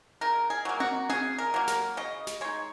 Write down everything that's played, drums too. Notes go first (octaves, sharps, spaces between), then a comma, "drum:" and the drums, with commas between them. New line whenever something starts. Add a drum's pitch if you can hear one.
C#3 A#4
G#4
F#3 A#3
F#4, drum: tom C4
C#3 G#4, drum: tom C4
A#4
F#3 A#3
A#4, drum: snare
C#3 D#5
drum: snare
G#3 D#4 C#5